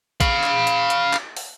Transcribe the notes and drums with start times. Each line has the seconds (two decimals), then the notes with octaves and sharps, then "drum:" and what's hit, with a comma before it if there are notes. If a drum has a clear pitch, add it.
0.20 F5 B5, drum: kick A#1, hi-hat
0.44 drum: clap
0.67 drum: hi-hat
0.90 drum: hi-hat
1.13 drum: clap
1.37 drum: open hi-hat